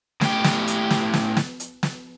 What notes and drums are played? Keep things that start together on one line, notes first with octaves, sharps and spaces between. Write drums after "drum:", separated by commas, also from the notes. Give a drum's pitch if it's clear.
A2 G4, drum: snare
drum: snare
drum: hi-hat
drum: snare
drum: snare
drum: snare
drum: hi-hat
drum: snare